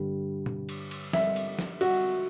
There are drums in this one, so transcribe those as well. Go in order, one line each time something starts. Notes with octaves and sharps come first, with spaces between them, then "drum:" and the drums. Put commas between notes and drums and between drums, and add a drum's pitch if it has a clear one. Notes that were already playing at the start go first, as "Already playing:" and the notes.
Already playing: G2 D3 G3
drum: tom B2
drum: cymbal
drum: cymbal
E5, drum: snare
drum: cymbal
drum: snare
F#4, drum: cymbal